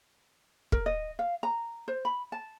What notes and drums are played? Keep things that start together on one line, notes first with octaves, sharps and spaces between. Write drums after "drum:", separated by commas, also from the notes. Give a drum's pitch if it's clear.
A#4, drum: kick
D#5
F5
A#5
C5
B5
A5